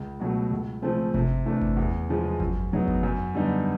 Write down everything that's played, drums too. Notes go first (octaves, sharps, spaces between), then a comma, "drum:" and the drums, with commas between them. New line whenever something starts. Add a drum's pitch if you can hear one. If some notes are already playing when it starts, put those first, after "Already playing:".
Already playing: C#2
B2 F#3 A3
C#2
C#3 F3 A3 C4
C3, drum: kick G1
E3 A3 D4
drum: kick G1
E2
C#3 F3 G#3
F#2, drum: kick G1
C#3 F#3 B3 D#4
drum: kick G1
F#2
D3 G3 B3 D#4